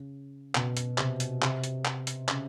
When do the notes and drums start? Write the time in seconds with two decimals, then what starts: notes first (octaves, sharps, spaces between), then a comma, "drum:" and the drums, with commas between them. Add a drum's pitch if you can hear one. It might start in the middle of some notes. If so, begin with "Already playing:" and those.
Already playing: C#3
0.55 B2, drum: clap
0.77 drum: hi-hat
0.98 C3, drum: clap
1.20 drum: hi-hat
1.42 C3, drum: clap
1.64 drum: hi-hat
1.85 drum: clap
2.07 drum: hi-hat
2.28 C#3, drum: clap